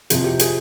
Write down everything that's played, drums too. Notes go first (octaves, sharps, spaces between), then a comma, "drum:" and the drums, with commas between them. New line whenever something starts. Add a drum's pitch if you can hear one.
F2 C3 F3 G#4, drum: hi-hat
G4
G#4, drum: hi-hat